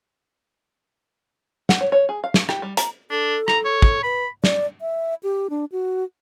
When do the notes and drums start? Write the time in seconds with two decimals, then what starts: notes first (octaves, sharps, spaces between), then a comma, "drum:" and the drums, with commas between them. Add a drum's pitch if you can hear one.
1.69 F#5, drum: snare
1.81 C#5
1.92 C#5
2.09 G#4
2.24 F5
2.34 drum: snare
2.49 G4, drum: rim click
2.62 G3
2.77 A#5, drum: hi-hat
3.11 D4 A4
3.48 A#5, drum: rim click
3.65 C#5
3.82 drum: kick
4.03 B4 B5
4.44 D5, drum: snare
4.81 E5
5.23 G4
5.50 D4
5.72 F#4